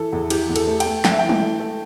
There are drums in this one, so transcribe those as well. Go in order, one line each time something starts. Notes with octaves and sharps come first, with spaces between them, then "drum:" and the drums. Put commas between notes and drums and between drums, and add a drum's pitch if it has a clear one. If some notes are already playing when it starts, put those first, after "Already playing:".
Already playing: E3 A4
E2
E3 G4, drum: cymbal
E2
A4, drum: cymbal
A3
G5, drum: cymbal
A3
A3 G5, drum: snare
E5
E3 G5
drum: tom G3
A3
A3